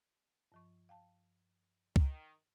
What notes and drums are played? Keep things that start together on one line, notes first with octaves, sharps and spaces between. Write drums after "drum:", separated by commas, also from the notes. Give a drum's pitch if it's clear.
G2 F3 C#6
F5 G5 A5
D#3, drum: kick C#2